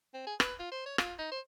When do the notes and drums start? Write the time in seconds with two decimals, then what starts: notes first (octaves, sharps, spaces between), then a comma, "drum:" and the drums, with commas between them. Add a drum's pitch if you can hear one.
0.14 C4
0.27 G#4
0.40 B4, drum: rim click
0.60 F4
0.72 C5
0.86 C#5
0.98 F4, drum: rim click
1.19 D#4
1.31 C5